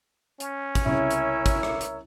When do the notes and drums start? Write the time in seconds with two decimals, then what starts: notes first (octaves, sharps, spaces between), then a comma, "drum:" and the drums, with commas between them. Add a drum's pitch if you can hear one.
0.40 C#4, drum: hi-hat
0.75 drum: kick, hi-hat
0.86 C2 C#3 E4 A#4 C#5 E5
1.11 drum: hi-hat
1.46 drum: kick, hi-hat
1.63 drum: rim click
1.81 drum: hi-hat